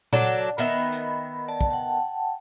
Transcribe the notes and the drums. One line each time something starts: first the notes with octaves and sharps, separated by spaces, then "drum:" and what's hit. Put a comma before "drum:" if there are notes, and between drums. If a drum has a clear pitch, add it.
F#3 D4 A4 F#5, drum: tom A#2
D#3 B3 E5 B5
drum: hi-hat
D5 A5
drum: kick
F#5 G5 A5